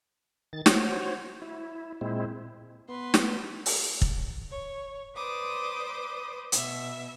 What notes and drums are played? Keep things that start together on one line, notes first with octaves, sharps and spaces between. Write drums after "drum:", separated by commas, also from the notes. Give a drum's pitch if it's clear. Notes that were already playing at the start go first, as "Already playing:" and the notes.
D#3 A6
F#4 C5 C#5, drum: snare
E4
A#2 G#3 C4 E4
B3 B4 C6
drum: snare
drum: open hi-hat
drum: kick
C#5
B4 C5 D5 D6 D#6
B2 E5, drum: hi-hat